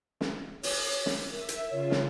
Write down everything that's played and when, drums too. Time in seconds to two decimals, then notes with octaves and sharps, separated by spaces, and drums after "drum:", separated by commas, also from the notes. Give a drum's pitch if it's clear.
0.21 drum: snare
0.63 C#5, drum: open hi-hat
1.06 drum: snare
1.32 A#4 E5
1.49 drum: hi-hat
1.70 C#3 F4 C#5
1.91 drum: snare